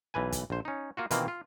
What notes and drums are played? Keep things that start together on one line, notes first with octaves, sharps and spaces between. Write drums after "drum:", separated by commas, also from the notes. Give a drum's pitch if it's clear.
B1 E3 B4 G#5
drum: kick, hi-hat
A#1 C5
C#4 D#4
A#3 F4 F#4
B2 D#3 E3 A#3 C4 F4, drum: hi-hat
F4